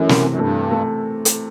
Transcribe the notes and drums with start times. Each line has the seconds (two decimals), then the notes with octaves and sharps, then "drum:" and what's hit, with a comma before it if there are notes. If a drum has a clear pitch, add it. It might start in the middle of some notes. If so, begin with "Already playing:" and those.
Already playing: F#2 E3 A3
0.09 C3, drum: snare
0.30 F#2
0.39 G2 A3
0.71 A3
1.25 drum: hi-hat